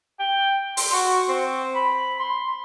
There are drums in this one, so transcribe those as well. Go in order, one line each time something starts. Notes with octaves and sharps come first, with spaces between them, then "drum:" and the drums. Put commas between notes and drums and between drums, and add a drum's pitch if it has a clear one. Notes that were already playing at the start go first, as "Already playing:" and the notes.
G5
C6, drum: open hi-hat
F#4
C4
B5
C6